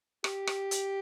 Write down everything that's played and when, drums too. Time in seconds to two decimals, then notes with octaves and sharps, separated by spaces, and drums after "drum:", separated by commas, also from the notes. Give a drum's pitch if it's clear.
0.24 G4, drum: rim click
0.47 drum: rim click
0.71 drum: hi-hat